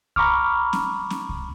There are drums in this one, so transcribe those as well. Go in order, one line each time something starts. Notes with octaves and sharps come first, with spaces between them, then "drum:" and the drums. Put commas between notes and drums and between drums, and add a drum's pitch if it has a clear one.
A#5 B5 C#6 D6 F6, drum: kick C2
drum: snare
drum: snare
drum: kick C2